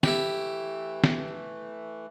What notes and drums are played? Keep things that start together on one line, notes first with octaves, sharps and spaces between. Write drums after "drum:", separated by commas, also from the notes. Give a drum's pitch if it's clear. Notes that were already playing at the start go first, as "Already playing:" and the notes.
E3 A3 E4 G4, drum: snare
drum: snare